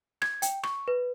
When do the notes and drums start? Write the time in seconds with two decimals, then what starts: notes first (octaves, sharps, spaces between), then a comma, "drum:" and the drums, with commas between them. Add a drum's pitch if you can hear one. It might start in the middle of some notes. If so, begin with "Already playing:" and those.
0.22 G#6, drum: rim click
0.42 G5, drum: hi-hat
0.63 C#6, drum: rim click
0.88 B4